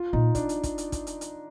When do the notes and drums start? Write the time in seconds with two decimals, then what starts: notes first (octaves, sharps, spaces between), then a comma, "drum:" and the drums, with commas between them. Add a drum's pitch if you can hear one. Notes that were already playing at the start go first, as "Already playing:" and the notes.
Already playing: F4
0.13 A#2 D#4
0.35 D4, drum: kick, hi-hat
0.49 drum: hi-hat
0.63 drum: kick, hi-hat
0.78 drum: hi-hat
0.92 drum: kick, hi-hat
1.07 drum: hi-hat
1.21 drum: hi-hat